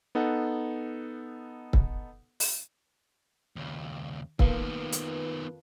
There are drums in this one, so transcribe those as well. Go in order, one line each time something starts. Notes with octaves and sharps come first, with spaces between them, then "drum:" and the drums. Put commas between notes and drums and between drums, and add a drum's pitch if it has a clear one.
B3 D#4 A4 F#5
drum: kick
drum: open hi-hat
D#2 C#3
F2 D#3 A#3 B3 F4 B4, drum: kick
drum: hi-hat